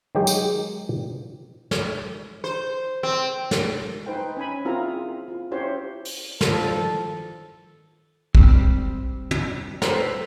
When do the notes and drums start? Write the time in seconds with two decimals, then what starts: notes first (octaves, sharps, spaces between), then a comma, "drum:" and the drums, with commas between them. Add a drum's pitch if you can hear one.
0.15 D#3 F#3 G#3 G4 G#4 G5
0.27 drum: tambourine
1.71 drum: snare
2.44 C5
3.03 C4
3.51 drum: snare
4.06 D#4 B4 C5 G5
4.37 C#4 G#5 B5
4.65 C4 E4 F4 G#4 A#4 A#5
5.28 F4
5.51 C#4 E4 G4 C5 C#5
6.05 drum: open hi-hat
6.41 G2 D#3 F3 A4, drum: snare
8.35 G3 C4, drum: kick
9.31 drum: tom
9.82 A4 B4 C5 A#5, drum: snare